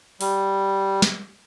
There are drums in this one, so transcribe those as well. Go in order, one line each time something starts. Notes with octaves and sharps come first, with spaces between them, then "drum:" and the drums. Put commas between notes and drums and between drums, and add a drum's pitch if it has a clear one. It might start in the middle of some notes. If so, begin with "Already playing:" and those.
G3, drum: open hi-hat
drum: snare